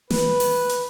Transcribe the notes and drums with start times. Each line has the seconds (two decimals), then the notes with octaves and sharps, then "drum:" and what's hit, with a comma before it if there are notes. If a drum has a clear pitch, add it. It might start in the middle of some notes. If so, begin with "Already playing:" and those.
0.10 B4, drum: snare
0.40 drum: open hi-hat
0.69 drum: hi-hat